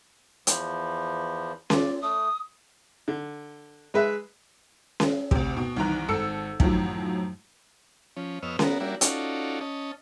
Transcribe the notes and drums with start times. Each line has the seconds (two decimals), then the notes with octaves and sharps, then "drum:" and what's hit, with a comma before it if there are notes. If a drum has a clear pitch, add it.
0.47 E2 E3 F3, drum: hi-hat
1.70 D#2 F4 D5, drum: snare C#4
2.02 A3 D#6
3.08 D3
3.94 G#3 B4 E5
5.00 drum: snare C#4
5.31 D2 C3, drum: kick
5.56 B2
5.76 C2 D#3 E3 A#5 F#6
6.08 G#1 A4 E6 C#7
6.60 F#2 A2 D#3 F3 F#3, drum: kick
8.17 F3 C#4
8.43 F2 B3 C#5 D#5 E6 F6
8.59 B3 F#4 A#4, drum: snare C#4
8.80 G3 A#3 D4 E4 F#4
9.01 C#4 D#4 F4 F#4 A4 D5, drum: hi-hat
9.61 C#4 D#5 A5